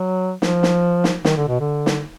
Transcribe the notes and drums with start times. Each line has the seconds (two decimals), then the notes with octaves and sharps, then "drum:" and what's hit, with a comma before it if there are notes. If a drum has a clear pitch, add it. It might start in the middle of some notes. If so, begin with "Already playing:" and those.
Already playing: F#3
0.42 F3, drum: snare
0.63 drum: snare
1.04 drum: snare
1.25 D#3, drum: snare
1.37 D3
1.48 B2
1.60 D3
1.86 drum: snare